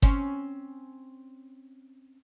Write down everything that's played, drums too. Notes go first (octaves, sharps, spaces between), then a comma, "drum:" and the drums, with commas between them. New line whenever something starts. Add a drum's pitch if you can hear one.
C4 C#4, drum: kick G1